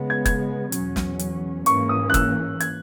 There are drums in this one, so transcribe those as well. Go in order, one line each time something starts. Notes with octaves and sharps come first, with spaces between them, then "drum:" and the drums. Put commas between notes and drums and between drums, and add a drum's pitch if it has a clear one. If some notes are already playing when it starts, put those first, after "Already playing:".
Already playing: C#3 G#3 B3
G#6
G#6, drum: kick, hi-hat
E2 B2 F#3 C#4, drum: hi-hat
drum: snare
drum: hi-hat
G#2 E3 A#3 C#4 C#6, drum: hi-hat
D#6
F#6
E6, drum: kick, hi-hat
G#6, drum: hi-hat